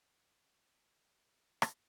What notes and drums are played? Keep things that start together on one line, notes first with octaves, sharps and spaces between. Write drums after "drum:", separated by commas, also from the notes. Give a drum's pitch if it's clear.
F4
G4 D5 F#5
A4
B6 D7
drum: rim click